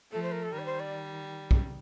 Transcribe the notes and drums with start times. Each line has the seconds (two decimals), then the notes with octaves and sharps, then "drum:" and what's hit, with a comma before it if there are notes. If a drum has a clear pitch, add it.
0.11 F3 A3 A4
0.22 C5
0.32 A#4
0.43 A4
0.52 D#3 G3 A#4
0.59 D5
0.66 C5
0.80 D5
1.51 drum: kick